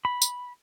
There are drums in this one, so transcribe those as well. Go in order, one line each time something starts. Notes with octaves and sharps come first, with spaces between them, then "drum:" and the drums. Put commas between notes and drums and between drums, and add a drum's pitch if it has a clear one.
B5
drum: tambourine